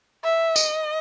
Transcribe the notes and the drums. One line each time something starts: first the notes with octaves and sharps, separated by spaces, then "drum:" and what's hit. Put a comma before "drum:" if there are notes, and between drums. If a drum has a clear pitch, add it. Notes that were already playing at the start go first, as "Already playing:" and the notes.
E5
D#5, drum: tambourine